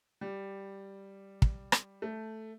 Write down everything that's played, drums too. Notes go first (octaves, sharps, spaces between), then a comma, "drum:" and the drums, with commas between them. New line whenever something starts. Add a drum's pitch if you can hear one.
G3
drum: kick
drum: rim click
A3